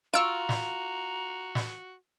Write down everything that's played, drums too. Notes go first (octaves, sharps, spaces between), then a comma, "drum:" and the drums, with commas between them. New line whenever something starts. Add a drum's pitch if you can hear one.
F4 F#4 A#5 C#6 E6 D7
drum: snare
drum: snare